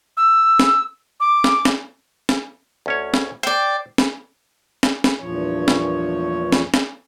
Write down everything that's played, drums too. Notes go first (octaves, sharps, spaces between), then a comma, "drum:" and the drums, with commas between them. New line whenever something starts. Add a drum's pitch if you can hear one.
E6
drum: snare
D6
drum: snare
drum: snare
drum: snare
D2 C#4 C#5
drum: snare
C5 D5 G5
drum: snare
drum: snare
drum: snare
E2 G2 A#2 F3 C#5
drum: snare
drum: snare
drum: snare